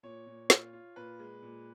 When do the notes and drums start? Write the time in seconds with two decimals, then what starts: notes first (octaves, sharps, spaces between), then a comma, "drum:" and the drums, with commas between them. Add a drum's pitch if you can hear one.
0.03 A#2 C#5
0.27 A#2
0.50 F4, drum: snare
0.73 F4
0.96 A#2 B4
1.19 G#3
1.42 A#2